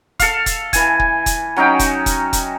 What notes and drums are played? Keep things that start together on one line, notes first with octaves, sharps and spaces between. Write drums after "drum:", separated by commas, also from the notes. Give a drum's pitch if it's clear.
A4 F5, drum: kick, hi-hat
drum: kick, hi-hat
E3 G#5, drum: kick, hi-hat
drum: kick
drum: kick, hi-hat
F#3 C#4 D#4 G5
drum: kick, hi-hat
drum: kick, hi-hat
drum: kick, hi-hat